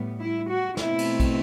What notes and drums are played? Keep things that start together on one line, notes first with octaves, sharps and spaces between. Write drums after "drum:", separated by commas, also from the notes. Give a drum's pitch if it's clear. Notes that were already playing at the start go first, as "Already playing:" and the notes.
Already playing: A2 G3 B3
E4
F#4
B2 A3 C4 E4, drum: snare
drum: cymbal
drum: kick A#1, cymbal